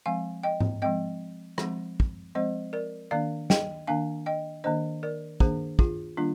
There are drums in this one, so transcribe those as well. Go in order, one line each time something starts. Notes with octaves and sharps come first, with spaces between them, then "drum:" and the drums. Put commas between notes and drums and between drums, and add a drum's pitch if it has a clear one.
F3 G#3 C4 F5 G#5
D#5 G5
drum: tom G#2
F3 G#3 C4 D#5 G5
F3 G#3 C4, drum: rim click
drum: kick
F3 G#3 C4 C5 D#5
A#4 D5
D#3 A#3 D4 D5 F5
D#5 G5, drum: snare
D#3 A#3 D4 F5 G#5
D#5 G5
D#3 A#3 D4 C5 D#5
A#4 D5
D#3 A#3 D4 G#4 C5, drum: kick
F4 G#4, drum: kick
D#3 G3 A#3 D4 F4